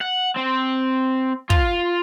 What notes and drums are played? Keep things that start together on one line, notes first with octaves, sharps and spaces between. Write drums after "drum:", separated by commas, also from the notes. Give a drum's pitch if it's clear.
F#5
C4
F4, drum: kick